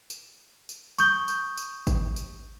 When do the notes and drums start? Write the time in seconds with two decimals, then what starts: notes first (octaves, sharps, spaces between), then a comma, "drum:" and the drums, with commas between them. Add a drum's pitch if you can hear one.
0.10 drum: tambourine
0.69 drum: tambourine
0.98 C#6 D#6 G6 G7, drum: tambourine
1.28 drum: tambourine
1.57 drum: tambourine
1.87 drum: kick G#1, tambourine
2.16 drum: tambourine